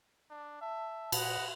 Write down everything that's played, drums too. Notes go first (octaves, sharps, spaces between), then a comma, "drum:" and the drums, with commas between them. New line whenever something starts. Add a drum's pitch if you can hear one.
D4
E5 A5
A#2 B4 D#5 F#5, drum: cymbal